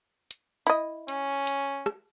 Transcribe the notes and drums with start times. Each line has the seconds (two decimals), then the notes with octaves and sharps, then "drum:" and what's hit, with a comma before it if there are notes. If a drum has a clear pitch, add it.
0.31 drum: hi-hat
0.67 E4 D#5, drum: hi-hat
1.08 C#4, drum: hi-hat
1.47 drum: hi-hat
1.86 drum: rim click